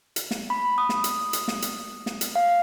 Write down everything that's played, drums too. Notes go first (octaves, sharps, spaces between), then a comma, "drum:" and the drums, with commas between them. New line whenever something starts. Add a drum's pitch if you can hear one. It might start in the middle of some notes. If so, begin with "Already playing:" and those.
drum: hi-hat
drum: snare
B5
D#6
drum: snare
drum: hi-hat
drum: hi-hat
drum: snare
drum: hi-hat
drum: snare
drum: hi-hat
F5